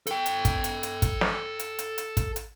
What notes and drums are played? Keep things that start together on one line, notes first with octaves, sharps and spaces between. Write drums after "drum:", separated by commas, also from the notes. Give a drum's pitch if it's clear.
A4 G5, drum: hi-hat
drum: hi-hat
drum: kick, hi-hat
drum: hi-hat
drum: hi-hat
drum: kick, hi-hat
drum: snare
drum: hi-hat
drum: hi-hat
drum: hi-hat
drum: kick, hi-hat
drum: hi-hat